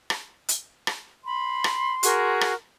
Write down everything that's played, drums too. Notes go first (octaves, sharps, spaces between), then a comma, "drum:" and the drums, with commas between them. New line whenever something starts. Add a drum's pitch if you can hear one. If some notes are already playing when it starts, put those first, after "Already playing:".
drum: rim click
drum: hi-hat
drum: rim click
B5 C6
drum: rim click
F#4 G#4 A#4, drum: hi-hat
drum: rim click